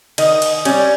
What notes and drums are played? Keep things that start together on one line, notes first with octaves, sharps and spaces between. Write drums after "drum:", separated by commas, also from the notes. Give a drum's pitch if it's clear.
D#3 D#5, drum: cymbal
drum: cymbal
G3 C#4, drum: cymbal